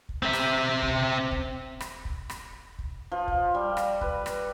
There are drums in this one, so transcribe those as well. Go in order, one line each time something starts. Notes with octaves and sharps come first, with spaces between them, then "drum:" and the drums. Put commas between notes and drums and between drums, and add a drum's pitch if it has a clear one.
drum: kick
C4 E5
drum: rim click
drum: kick
drum: kick
drum: rim click
drum: kick
drum: rim click
drum: kick
F3
drum: kick
G3
drum: rim click
B4, drum: kick
drum: rim click